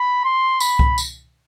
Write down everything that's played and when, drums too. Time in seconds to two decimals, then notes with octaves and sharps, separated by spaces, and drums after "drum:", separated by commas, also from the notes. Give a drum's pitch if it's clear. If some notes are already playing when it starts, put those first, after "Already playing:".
Already playing: B5
0.25 C6
0.60 B5, drum: tambourine
0.79 drum: kick C2
0.98 drum: tambourine